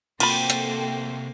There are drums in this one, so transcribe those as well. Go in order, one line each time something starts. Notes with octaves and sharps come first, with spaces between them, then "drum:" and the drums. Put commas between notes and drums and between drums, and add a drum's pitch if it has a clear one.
C3 A#3 F4 F#4 A4 C5 G5 B5, drum: cymbal
drum: hi-hat